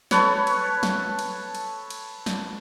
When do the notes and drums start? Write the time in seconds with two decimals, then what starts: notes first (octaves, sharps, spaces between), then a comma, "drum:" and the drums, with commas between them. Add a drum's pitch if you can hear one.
0.11 A4 B4 C#5, drum: snare
0.47 drum: cymbal
0.83 drum: snare
1.19 drum: cymbal
1.55 drum: cymbal
1.90 drum: cymbal
2.26 drum: snare